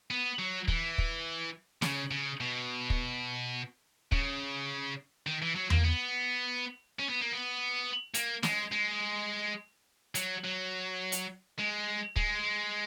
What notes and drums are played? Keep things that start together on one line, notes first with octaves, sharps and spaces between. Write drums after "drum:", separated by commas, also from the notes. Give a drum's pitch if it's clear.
B3
F#3
E3, drum: kick
drum: kick
C#3, drum: snare
C#3
B2
drum: kick
C#3, drum: kick
D#3
E3
F#3
A#3, drum: tom E2
B3
C#4
B3
A#3
B3
A#3, drum: hi-hat
G#3, drum: snare
G#3
F#3, drum: hi-hat
F#3
drum: hi-hat
G#3
G#3, drum: kick